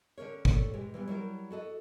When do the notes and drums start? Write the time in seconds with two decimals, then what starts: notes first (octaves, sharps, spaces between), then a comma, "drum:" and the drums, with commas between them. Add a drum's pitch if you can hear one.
0.18 D3 C#4 A#4 C#5
0.45 G4 A4 C#5 D5, drum: kick G1
0.73 E3 G#3 G4
0.94 E3 G3 B3
1.08 F#3 G3 E4 A#4
1.51 F#4 A4 D#5